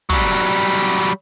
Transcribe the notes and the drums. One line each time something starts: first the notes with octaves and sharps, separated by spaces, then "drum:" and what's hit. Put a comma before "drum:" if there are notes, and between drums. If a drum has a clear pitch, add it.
F#3 G3, drum: kick